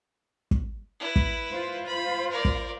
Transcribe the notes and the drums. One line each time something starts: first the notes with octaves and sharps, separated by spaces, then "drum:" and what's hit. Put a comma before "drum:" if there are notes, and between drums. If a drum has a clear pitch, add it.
drum: kick
E4 B4
drum: kick
F4 C5
B5
A#4 D5
drum: kick